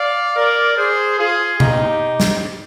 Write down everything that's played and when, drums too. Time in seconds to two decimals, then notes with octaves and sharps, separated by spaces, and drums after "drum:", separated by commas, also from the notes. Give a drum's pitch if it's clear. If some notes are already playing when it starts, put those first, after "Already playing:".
Already playing: D5 F5
0.35 A#4 D5
0.77 G#4 C5
1.18 F4 G#4
1.60 D#4 G4, drum: tom B2
2.20 drum: snare